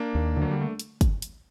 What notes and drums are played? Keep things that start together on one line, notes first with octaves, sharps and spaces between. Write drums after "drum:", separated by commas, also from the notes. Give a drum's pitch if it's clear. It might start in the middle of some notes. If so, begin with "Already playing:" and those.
Already playing: A#3 D4
D#2
D3
F#3
G3
A3
drum: hi-hat
drum: kick, hi-hat
drum: hi-hat